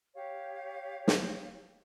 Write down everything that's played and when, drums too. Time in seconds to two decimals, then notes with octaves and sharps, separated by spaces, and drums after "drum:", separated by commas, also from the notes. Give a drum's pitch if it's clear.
0.15 G4 C#5 F5
1.08 drum: snare